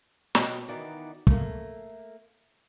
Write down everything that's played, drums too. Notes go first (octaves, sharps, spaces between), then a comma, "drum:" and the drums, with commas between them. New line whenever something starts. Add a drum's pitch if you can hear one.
B2 F#4 C#5 D#5 G5, drum: snare
D#3 E3 B3 D#4 F#4 D5
A3 A#3, drum: kick